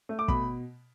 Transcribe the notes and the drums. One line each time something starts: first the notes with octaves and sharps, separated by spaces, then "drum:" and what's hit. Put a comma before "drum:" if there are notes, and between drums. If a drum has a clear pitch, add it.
A3
D6
B2 B5, drum: kick